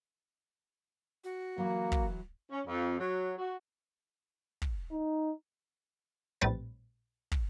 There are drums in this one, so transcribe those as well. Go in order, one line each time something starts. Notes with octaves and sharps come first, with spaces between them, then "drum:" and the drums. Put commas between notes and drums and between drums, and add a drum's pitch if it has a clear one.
F#4
E3 F#3 A#3
drum: kick
C#4
F2
F#3
F#4
drum: kick
D#4
A#1 A2 G3 C4 B4 A6
drum: kick